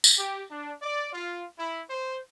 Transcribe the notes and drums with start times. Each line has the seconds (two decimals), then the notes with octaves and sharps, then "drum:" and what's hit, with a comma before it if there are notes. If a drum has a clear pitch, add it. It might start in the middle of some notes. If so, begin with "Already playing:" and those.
0.04 drum: tambourine
0.17 G4
0.50 D4
0.82 D5
1.12 F4
1.58 E4
1.89 C5